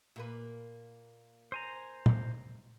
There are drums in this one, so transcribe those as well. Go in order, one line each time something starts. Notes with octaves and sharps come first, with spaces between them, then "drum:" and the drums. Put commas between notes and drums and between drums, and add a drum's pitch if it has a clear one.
A#2 A#3 B4
C5 G#5 A#5
drum: tom